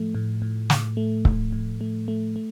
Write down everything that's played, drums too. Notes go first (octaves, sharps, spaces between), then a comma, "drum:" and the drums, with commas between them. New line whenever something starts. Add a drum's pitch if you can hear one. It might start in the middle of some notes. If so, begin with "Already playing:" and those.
Already playing: A2 F3 A3
A2
A2
A2, drum: snare
A3
A2, drum: kick C#1
A2
A3
A3
A3